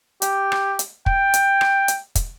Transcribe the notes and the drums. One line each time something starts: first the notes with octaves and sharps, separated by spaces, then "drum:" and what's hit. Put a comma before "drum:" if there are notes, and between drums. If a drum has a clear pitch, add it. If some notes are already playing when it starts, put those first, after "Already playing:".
G4, drum: hi-hat
drum: rim click
drum: hi-hat
G5, drum: kick
drum: hi-hat
drum: rim click
drum: hi-hat
drum: kick, hi-hat